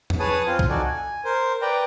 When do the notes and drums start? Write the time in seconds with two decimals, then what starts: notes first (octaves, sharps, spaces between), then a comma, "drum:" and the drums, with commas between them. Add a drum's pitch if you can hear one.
0.10 drum: tom E2
0.20 G#4 B4 C#5 G#5 A5 D#6
0.46 C4 F4
0.59 drum: kick C2
0.69 D#4 F#4 A4 D5 G#5
0.87 G#5
1.25 A#4 C5
1.62 B4 D5 G5 A#5